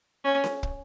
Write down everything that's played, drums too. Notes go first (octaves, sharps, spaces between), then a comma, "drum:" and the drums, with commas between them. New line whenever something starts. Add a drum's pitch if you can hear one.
C#4
drum: snare C#4
drum: kick